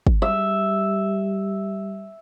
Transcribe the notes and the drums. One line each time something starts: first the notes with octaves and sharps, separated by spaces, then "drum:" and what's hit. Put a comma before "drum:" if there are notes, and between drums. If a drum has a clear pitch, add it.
drum: kick
G3 E5